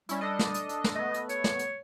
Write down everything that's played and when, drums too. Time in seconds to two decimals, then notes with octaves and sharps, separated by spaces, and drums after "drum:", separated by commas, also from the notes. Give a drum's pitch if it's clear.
0.09 G3 C#4 E4, drum: hi-hat
0.21 D4 A4 D#5
0.39 drum: snare
0.54 drum: hi-hat
0.69 drum: hi-hat
0.84 drum: snare
0.95 A3 B3 D#5
1.14 drum: hi-hat
1.29 C#5, drum: hi-hat
1.44 drum: snare
1.59 drum: hi-hat